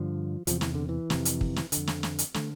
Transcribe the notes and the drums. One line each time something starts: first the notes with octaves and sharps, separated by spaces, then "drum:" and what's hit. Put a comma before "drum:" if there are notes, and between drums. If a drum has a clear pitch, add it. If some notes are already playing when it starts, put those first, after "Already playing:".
Already playing: G2 D3 F3
E2 C3 F3, drum: hi-hat
E3, drum: snare
D3
E3
F2 C3, drum: snare
drum: hi-hat
drum: kick
drum: snare
F2 D3, drum: hi-hat
drum: snare
drum: snare
drum: hi-hat
D3 A3, drum: snare